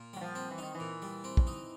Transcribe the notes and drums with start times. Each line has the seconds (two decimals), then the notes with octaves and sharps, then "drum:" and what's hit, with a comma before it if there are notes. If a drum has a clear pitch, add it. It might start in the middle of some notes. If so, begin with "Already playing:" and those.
Already playing: A#2
0.13 F#3 G3
0.21 F3
0.35 C4
0.51 E3
0.58 D#3 D#4
0.75 E3
0.80 A#2
1.02 G3
1.24 C4
1.37 drum: kick
1.47 D#4